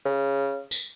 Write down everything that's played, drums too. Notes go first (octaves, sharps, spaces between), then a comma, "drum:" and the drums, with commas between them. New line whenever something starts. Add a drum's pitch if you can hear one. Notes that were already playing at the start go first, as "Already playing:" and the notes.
C#3
drum: tambourine